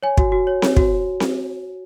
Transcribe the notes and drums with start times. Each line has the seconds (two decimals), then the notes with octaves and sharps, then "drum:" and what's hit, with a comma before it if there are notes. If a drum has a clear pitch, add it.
0.03 C#5 G#5
0.17 F#4, drum: kick
0.32 F#4
0.47 C#5
0.62 C#5, drum: snare C4
0.77 F#4, drum: kick
1.20 drum: snare C4